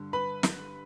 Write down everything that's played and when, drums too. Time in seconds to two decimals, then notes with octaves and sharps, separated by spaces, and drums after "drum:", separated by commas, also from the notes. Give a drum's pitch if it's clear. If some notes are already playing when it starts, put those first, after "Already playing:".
Already playing: G2 D3 G3
0.13 B4 B5
0.43 drum: snare